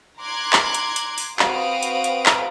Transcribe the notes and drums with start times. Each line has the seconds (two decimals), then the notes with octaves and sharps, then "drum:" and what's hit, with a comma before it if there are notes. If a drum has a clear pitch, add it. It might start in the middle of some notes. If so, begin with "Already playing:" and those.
0.19 A#5 C6 D6 F#6 G#6
0.53 drum: clap
0.74 drum: hi-hat
0.96 drum: hi-hat
1.18 drum: open hi-hat
1.39 C4 F#4 B4 F5 D#6 D7, drum: clap
1.83 drum: hi-hat
2.04 drum: hi-hat
2.26 drum: clap